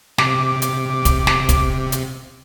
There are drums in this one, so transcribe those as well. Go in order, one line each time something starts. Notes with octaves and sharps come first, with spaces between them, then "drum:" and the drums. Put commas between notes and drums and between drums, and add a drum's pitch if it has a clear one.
C3 D6, drum: snare
drum: hi-hat
drum: kick, hi-hat
drum: snare
drum: kick, hi-hat
drum: hi-hat